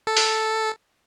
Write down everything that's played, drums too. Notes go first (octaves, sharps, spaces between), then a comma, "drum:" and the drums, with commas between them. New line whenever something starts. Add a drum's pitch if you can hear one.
A4
drum: open hi-hat